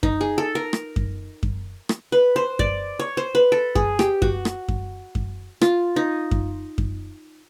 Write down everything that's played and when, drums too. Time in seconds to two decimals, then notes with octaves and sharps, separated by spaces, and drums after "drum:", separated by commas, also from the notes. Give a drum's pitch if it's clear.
0.03 D#4, drum: kick F#2
0.21 G#4
0.38 A4
0.55 A#4
0.73 drum: rim click
0.96 drum: kick F#2
1.43 drum: kick F#2
1.89 drum: rim click
2.12 B4
2.36 C5
2.59 D5, drum: kick F#2
2.99 C#5
3.17 C5
3.35 B4
3.52 A4
3.75 G#4, drum: kick F#2
3.99 G4, drum: rim click
4.22 F#4, drum: kick F#2
4.45 drum: rim click
4.68 drum: kick F#2
5.15 drum: kick F#2
5.61 F4, drum: rim click
5.96 D#4
6.31 drum: kick F#2
6.78 drum: kick F#2